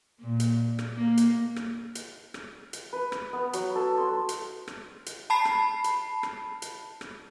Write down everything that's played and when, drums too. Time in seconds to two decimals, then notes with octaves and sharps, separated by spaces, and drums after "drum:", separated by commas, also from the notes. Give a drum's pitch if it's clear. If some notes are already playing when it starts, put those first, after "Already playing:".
0.20 A#2
0.40 drum: hi-hat
0.79 drum: rim click
0.96 A#3
1.17 drum: hi-hat
1.56 drum: rim click
1.95 drum: hi-hat
2.34 drum: rim click
2.73 drum: hi-hat
2.93 B4
3.12 drum: rim click
3.33 B3
3.53 F#3, drum: hi-hat
3.75 A4
3.97 C6
4.29 drum: hi-hat
4.68 drum: rim click
5.06 drum: hi-hat
5.30 A5 B5 C7
5.45 drum: rim click
5.84 drum: hi-hat
6.23 drum: rim click
6.62 drum: hi-hat
7.01 drum: rim click